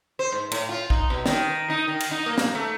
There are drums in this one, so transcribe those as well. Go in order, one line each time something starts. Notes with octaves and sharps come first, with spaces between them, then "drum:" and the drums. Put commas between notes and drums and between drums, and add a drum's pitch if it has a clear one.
C5
G#2
A2, drum: cymbal
F4
D#4, drum: kick
B2
D#3, drum: snare
D#4
D#3
drum: cymbal
D#4
A#3
drum: snare
A3